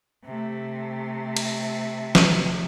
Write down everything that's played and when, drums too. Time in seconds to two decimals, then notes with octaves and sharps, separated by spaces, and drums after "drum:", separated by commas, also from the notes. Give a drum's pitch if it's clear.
0.25 C3 A3
1.37 drum: cymbal
2.15 drum: snare